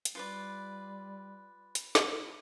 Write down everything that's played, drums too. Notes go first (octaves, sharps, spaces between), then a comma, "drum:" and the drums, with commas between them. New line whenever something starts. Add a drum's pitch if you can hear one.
drum: hi-hat
G3 F4 B4 D5
drum: hi-hat
drum: snare